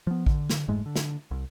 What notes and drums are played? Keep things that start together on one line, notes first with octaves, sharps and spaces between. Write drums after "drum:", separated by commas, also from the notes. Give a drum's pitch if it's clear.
F3 B3
D3, drum: kick A1
drum: snare
F1 G#2 G#3 A3
D3
drum: snare
C2